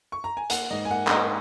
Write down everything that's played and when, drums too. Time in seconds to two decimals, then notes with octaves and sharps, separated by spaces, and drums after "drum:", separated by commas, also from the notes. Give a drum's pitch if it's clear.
0.12 C#6
0.24 A#5
0.37 G#5
0.50 A#3 F#5, drum: hi-hat
0.70 G#2 D#5
0.85 G#5
0.91 A#3 F#5
1.07 F#5, drum: clap
1.11 A#3 D#5